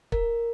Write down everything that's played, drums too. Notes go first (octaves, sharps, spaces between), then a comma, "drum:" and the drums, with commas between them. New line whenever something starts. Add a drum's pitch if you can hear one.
A#4, drum: kick